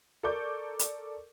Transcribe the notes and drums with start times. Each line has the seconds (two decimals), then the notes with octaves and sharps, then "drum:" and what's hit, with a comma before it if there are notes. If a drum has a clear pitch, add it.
0.23 A4 A#4 D5 C#6 D6 G6
0.79 drum: hi-hat